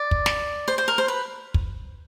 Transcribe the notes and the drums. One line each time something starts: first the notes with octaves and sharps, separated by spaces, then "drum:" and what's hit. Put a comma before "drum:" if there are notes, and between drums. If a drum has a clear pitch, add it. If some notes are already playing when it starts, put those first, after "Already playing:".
Already playing: D5
drum: kick
drum: snare
C5
C5
A#4
C5
B4
drum: kick